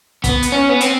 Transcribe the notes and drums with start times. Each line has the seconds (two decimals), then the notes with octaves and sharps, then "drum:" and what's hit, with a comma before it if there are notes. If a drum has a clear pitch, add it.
0.24 B3, drum: kick, hi-hat
0.43 drum: hi-hat
0.52 C#4
0.69 B3
0.81 C4, drum: hi-hat